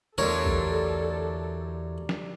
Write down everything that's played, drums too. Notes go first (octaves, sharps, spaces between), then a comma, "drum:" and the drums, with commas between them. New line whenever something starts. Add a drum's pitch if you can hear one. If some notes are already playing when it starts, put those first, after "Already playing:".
E2 D3 F#3 G3 A3 A4 A#4 C#5
drum: kick A#1
drum: snare